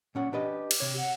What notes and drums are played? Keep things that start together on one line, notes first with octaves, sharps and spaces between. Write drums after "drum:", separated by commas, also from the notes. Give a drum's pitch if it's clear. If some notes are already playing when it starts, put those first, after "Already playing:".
A#2 C#4 F#5
D4 G4 B4 D#5
drum: cymbal
C3 C#5
F#5